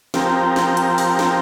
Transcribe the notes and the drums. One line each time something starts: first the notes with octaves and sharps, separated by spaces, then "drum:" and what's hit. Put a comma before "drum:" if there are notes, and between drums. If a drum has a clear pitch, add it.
F3 C4 G4 A#4, drum: snare
drum: snare
drum: hi-hat
drum: open hi-hat
drum: snare